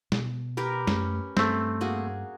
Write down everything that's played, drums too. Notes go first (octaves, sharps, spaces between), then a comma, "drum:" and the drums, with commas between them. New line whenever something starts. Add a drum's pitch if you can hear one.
B2, drum: snare
G4 A#4 B4
F#2 A3 C#4, drum: snare
G2 A3 C4, drum: snare
A#3 F#4 G#4